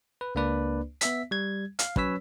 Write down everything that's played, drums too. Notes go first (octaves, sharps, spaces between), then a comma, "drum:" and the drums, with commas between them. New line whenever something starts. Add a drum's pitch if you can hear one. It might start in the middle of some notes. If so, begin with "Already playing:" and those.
B4
C#2 A#3 D4 B4 D5
B3 E5 B6, drum: hi-hat
G3 G#6
F5, drum: hi-hat
F#3 C#4 B4 C#5 E6 B6, drum: kick